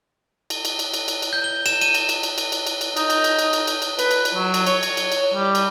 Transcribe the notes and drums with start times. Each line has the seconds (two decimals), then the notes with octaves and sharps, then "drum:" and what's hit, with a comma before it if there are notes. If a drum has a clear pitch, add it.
0.50 drum: cymbal
0.65 drum: cymbal
0.79 drum: cymbal
0.94 drum: cymbal
1.08 drum: cymbal
1.22 drum: cymbal
1.33 G6
1.44 G7
1.66 E7, drum: cymbal
1.81 D#7, drum: cymbal
1.94 drum: cymbal
2.09 drum: cymbal
2.23 drum: cymbal
2.38 drum: cymbal
2.52 drum: cymbal
2.67 drum: cymbal
2.81 drum: cymbal
2.97 D#4, drum: cymbal
3.10 drum: cymbal
3.24 drum: cymbal
3.39 drum: cymbal
3.53 drum: cymbal
3.67 drum: cymbal
3.82 drum: cymbal
3.99 B4, drum: cymbal
4.11 drum: cymbal
4.25 drum: cymbal
4.35 F#3
4.54 drum: cymbal
4.66 C#5, drum: cymbal
4.83 drum: cymbal
4.97 drum: cymbal
5.12 drum: cymbal
5.34 G3
5.55 drum: cymbal